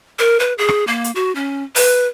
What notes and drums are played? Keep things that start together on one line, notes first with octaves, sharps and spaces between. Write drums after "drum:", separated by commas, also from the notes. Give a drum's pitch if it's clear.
A#4
B4
G#4
drum: rim click
A#3
drum: hi-hat
F#4
C#4
B4, drum: open hi-hat